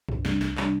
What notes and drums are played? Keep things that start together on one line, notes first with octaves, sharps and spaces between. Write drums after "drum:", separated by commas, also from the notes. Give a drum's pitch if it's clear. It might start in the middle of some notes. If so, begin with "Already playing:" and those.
C2, drum: tom F#2
C3 G3 D4, drum: snare
C2, drum: snare
C3 G3 D4, drum: clap